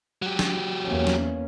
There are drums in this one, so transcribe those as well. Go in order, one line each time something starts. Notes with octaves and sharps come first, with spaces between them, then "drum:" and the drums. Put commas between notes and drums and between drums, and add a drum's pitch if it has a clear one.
F#3 G4
drum: snare
E2 A#3 C#4
drum: snare